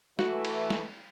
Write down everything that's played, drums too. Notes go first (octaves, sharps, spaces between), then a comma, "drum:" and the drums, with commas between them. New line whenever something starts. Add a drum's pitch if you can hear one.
E3 A3 F#4, drum: snare
drum: cymbal
drum: snare